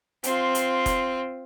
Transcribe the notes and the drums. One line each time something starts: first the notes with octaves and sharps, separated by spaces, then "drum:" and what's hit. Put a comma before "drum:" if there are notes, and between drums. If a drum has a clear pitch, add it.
C4 F4, drum: hi-hat
drum: hi-hat
drum: kick F1, hi-hat